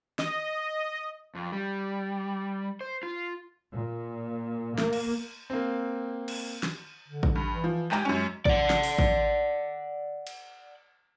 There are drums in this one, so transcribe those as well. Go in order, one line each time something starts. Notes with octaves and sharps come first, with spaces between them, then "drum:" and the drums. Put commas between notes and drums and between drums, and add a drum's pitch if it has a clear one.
D#5, drum: snare
F2
G3
C5
F4
A#2
A#3, drum: snare
drum: cymbal
A#3 C4
drum: cymbal
drum: snare
D3
drum: kick A1
G2
E3
F3
G#3 G4 G#5 A#5, drum: clap
F#2 G#3 C#4
D5 F#5, drum: kick A1
drum: snare
drum: open hi-hat
drum: kick A1
drum: cymbal